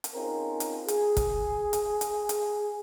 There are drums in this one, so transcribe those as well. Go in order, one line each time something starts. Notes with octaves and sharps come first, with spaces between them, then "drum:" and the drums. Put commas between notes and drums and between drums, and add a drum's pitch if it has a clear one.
drum: hi-hat
C4 C#4 D#4 F4 G#4 A#4
drum: hi-hat
G#4, drum: hi-hat
drum: kick, hi-hat
drum: hi-hat
drum: hi-hat
drum: hi-hat